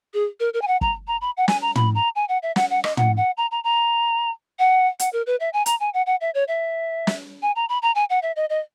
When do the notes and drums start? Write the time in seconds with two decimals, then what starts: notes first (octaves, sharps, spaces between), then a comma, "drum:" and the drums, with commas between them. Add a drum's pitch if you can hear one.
0.14 G#4
0.40 A#4
0.54 A#4
0.62 G#5
0.67 F#5
0.81 A#5, drum: kick
1.07 A#5
1.21 B5
1.37 F#5
1.48 G#5, drum: snare
1.62 A#5
1.75 B5, drum: tom
1.95 A#5
2.16 G#5
2.29 F#5
2.42 E5
2.56 F#5, drum: snare
2.70 F#5
2.84 D#5, drum: rim click
2.97 F#5, drum: tom
3.17 F#5
3.37 A#5
3.51 A#5
3.64 A#5
4.59 F#5
4.99 F#5, drum: hi-hat
5.13 A#4
5.26 B4
5.40 E5
5.53 G#5
5.66 A#5, drum: hi-hat
5.80 G#5
5.94 F#5
6.06 F#5
6.21 E5
6.34 C#5
6.48 E5
7.07 drum: snare
7.42 G#5
7.56 A#5
7.69 B5
7.82 A#5
7.95 G#5
8.10 F#5
8.22 E5
8.36 D#5
8.50 D#5